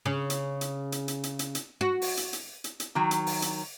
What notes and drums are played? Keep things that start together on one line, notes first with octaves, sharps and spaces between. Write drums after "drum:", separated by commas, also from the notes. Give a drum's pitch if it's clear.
C#3
drum: hi-hat
drum: hi-hat
drum: hi-hat
drum: hi-hat
drum: hi-hat
drum: hi-hat
drum: hi-hat
F#4
drum: open hi-hat
drum: hi-hat
drum: hi-hat
drum: hi-hat
drum: hi-hat
D#3 F#3
drum: hi-hat
drum: open hi-hat
drum: hi-hat